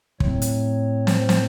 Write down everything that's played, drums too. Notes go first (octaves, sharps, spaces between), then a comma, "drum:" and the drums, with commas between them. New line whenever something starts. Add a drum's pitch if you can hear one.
A2 F#3 A3 C4 C#5, drum: kick
drum: hi-hat
C5, drum: snare
drum: snare